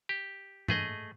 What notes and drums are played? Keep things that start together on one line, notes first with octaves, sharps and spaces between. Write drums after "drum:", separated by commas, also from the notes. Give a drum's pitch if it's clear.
G4
A3 G#4 D#5, drum: tom G#2